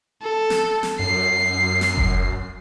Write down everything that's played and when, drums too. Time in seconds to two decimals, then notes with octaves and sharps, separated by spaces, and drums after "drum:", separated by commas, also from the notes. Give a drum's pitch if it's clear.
0.22 A4
0.50 drum: snare
0.83 drum: snare
0.99 F#2 C7
1.81 drum: snare
1.97 drum: kick F1